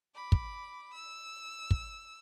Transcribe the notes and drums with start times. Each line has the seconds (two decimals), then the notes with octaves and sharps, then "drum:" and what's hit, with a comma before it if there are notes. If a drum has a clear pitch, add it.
0.15 B5 D6
0.32 drum: kick
0.93 E6
1.71 drum: kick